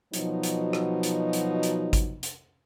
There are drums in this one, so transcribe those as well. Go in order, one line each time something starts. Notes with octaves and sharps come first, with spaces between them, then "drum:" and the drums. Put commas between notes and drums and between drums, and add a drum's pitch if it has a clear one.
B2 F3 F#3 D#4, drum: hi-hat
drum: hi-hat
drum: rim click
drum: hi-hat
drum: hi-hat
drum: hi-hat
drum: kick G#1, hi-hat
drum: hi-hat